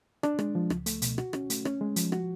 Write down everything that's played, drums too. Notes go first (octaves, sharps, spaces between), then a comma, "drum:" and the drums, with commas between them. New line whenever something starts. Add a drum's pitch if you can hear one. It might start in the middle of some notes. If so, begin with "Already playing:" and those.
D4, drum: rim click
G#3, drum: rim click
F3
C#2, drum: rim click
A3, drum: hi-hat
B2, drum: hi-hat
F#4, drum: rim click
C#4, drum: rim click
A3, drum: hi-hat
C#4, drum: rim click
G#3
F3, drum: hi-hat
F#4, drum: rim click